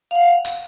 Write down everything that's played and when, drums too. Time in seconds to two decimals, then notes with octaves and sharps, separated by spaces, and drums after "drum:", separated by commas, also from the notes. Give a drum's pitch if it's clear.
0.11 F5
0.15 F#5
0.45 drum: open hi-hat